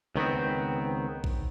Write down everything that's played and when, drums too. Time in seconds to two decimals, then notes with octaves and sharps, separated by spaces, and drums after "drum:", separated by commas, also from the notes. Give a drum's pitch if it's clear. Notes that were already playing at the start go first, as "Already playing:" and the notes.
0.16 C#2 D#3 B3 C4
1.24 drum: kick A#1